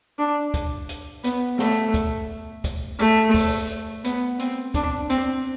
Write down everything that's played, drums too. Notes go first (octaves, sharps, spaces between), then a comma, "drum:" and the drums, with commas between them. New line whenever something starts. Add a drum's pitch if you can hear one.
D4
drum: kick, hi-hat
drum: hi-hat
B3, drum: hi-hat
A3, drum: snare
drum: kick, hi-hat
drum: kick, hi-hat
A3, drum: hi-hat
drum: kick, open hi-hat
drum: hi-hat
B3, drum: hi-hat
C4, drum: hi-hat
D4, drum: kick, hi-hat
C4, drum: hi-hat